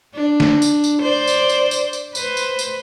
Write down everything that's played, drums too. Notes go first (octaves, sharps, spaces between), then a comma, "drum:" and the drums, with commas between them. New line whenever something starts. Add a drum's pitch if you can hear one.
D4
drum: snare
drum: tambourine
drum: tambourine
C5 D5
drum: tambourine
drum: tambourine
drum: tambourine
drum: tambourine
B4 C5, drum: tambourine
drum: tambourine
drum: tambourine